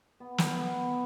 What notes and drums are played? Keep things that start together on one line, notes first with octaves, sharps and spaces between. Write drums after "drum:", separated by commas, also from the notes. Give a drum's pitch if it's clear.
B3
drum: snare
B3